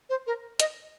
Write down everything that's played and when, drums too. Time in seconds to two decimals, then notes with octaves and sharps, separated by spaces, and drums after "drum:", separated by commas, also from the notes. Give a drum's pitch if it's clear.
0.09 C5
0.27 A#4
0.60 D#5, drum: hi-hat